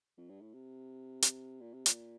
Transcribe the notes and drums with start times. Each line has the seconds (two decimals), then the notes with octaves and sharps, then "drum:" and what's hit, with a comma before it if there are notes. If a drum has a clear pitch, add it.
0.18 F2
0.30 G2
0.41 A2
0.54 C3
1.22 drum: hi-hat
1.61 A#2
1.73 C3
1.86 A#2, drum: hi-hat